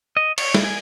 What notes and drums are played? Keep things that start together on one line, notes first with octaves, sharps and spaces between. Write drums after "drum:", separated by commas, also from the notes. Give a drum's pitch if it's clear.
D#5
C#5, drum: cymbal
drum: snare
G#5